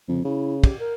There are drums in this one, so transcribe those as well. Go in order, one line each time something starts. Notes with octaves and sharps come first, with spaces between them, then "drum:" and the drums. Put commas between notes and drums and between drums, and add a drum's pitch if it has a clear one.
F2 C#3
C#3 E4
G4, drum: kick, cymbal
A#4